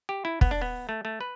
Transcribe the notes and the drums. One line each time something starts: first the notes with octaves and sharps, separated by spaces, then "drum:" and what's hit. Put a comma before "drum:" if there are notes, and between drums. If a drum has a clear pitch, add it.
G4
E4
B3, drum: kick
D4
B3
A3
A3
B4